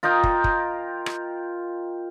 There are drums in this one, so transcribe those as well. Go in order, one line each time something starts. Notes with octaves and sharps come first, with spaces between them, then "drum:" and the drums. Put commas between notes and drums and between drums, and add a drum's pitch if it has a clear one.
F4 A#4 D#5 G5
drum: kick
drum: kick
drum: rim click